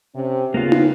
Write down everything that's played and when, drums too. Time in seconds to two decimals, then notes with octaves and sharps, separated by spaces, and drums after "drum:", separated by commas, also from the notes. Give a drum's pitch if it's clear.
0.15 C3 C#4
0.54 C#3 A#3 B3 F4
0.72 drum: tom